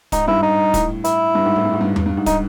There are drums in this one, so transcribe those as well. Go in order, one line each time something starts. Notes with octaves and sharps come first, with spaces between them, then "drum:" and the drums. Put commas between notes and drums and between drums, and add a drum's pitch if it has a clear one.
G#2 D#4, drum: kick, hi-hat
G2 E4
D#4
A2, drum: kick, hi-hat
E4, drum: hi-hat
G2
G#2
A2
G2
G#2
G2
G2, drum: tom E2
G2
G#2
D#4, drum: kick, hi-hat